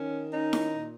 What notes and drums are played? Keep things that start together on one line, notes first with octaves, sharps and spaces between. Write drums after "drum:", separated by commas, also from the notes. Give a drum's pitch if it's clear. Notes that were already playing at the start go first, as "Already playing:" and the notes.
Already playing: D#3 C#4
C#4 D#4
drum: snare E4
A#2